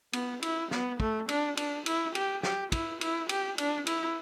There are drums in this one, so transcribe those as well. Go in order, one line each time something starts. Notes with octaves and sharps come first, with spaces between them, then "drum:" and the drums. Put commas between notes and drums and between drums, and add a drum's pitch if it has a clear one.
B3, drum: cymbal
E4, drum: cymbal
B3, drum: snare
A3, drum: kick
D4, drum: cymbal
D4, drum: cymbal
E4, drum: cymbal
G4, drum: cymbal
G4, drum: snare
E4, drum: kick, cymbal
E4, drum: cymbal
G4, drum: cymbal
D4, drum: cymbal
E4, drum: cymbal